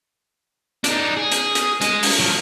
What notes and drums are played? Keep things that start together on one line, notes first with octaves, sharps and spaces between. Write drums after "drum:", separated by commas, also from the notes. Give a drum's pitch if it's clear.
D4 D#4, drum: hi-hat
G#4
drum: hi-hat
drum: hi-hat
G#3 D#5, drum: hi-hat
drum: open hi-hat
F3 F#3